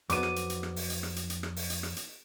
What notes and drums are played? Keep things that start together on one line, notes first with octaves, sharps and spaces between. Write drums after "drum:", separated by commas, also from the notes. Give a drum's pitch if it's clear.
F2 F#3 B3 D6 D#7, drum: hi-hat
drum: rim click
drum: hi-hat
drum: hi-hat
drum: rim click
drum: open hi-hat
drum: hi-hat
drum: rim click
drum: hi-hat
drum: hi-hat
drum: rim click
drum: open hi-hat
drum: hi-hat
drum: rim click
drum: hi-hat